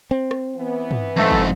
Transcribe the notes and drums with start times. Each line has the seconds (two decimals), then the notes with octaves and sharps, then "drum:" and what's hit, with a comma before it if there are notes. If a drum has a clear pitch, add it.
0.11 C4
0.31 drum: rim click
0.56 E3 B3
0.91 drum: tom
1.17 F2 G#2 A3
1.31 drum: kick F#1